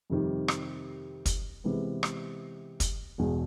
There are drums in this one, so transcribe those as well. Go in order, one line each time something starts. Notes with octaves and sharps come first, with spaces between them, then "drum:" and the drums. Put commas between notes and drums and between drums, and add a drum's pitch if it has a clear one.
F2 C3 D#3 G3
drum: rim click
drum: kick, hi-hat
C3 E3 G#3 B3
drum: rim click
drum: kick, hi-hat
E1 E2 B2